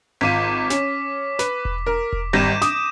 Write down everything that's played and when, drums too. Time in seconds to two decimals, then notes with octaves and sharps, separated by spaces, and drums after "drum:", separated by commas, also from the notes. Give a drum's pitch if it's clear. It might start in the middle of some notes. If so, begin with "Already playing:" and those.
0.21 G#1 F4 D6 B6 D#7
0.70 C#4, drum: snare
1.39 B4, drum: snare
1.65 drum: kick E1
1.86 A#4
2.13 drum: kick E1
2.33 G#1 G3 G6 A#6 D#7 E7
2.62 D6 D#6, drum: snare